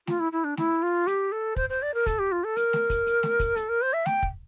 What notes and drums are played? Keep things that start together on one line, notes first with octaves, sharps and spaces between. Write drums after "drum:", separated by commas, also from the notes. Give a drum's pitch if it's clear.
F4, drum: snare A3
E4
E4
D4
E4, drum: snare A3
F4
G4, drum: hi-hat
A4
C5, drum: kick
C5
D5
A#4
A4, drum: kick, hi-hat
G4
F4
A4
A#4, drum: hi-hat
drum: snare A3
drum: kick, hi-hat
drum: hi-hat
drum: snare A3
drum: kick, hi-hat
A4, drum: hi-hat
A#4
C5
E5
G5, drum: snare A3
drum: kick